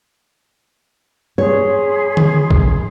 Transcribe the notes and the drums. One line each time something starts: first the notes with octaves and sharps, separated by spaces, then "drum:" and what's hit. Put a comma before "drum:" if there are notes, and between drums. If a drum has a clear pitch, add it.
G#4 C#5 B5 C6
drum: tom D3
drum: kick